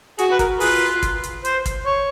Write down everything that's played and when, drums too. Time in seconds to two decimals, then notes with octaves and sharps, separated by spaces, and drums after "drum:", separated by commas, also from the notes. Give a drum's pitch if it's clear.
0.19 F#4 G#4, drum: hi-hat
0.32 B4
0.39 A#4, drum: kick, hi-hat
0.60 F4 G#4 B4, drum: open hi-hat
1.03 drum: kick, hi-hat
1.24 drum: hi-hat
1.45 C5, drum: hi-hat
1.66 drum: kick, hi-hat
1.86 C#5